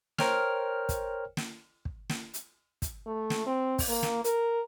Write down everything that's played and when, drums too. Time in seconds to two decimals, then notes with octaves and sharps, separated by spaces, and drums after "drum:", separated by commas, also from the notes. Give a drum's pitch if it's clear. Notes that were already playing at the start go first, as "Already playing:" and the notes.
0.18 A#4 C5 C#5 G5 F6, drum: snare
0.89 drum: kick, hi-hat
1.37 drum: snare
1.85 drum: kick
2.09 drum: snare
2.34 drum: hi-hat
2.82 drum: kick, hi-hat
3.06 A3
3.30 drum: snare
3.46 C4
3.79 drum: kick, open hi-hat
3.88 A#3
4.03 drum: snare
4.24 A#4, drum: hi-hat